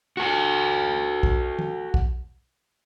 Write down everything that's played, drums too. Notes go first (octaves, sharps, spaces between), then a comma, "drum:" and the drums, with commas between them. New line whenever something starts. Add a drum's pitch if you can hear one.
F#4 A4
drum: kick
drum: tom
drum: kick